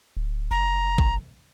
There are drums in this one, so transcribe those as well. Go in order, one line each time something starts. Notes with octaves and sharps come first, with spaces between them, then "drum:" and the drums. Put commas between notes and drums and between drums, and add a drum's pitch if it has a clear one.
D1
F#1 A#5
drum: kick A1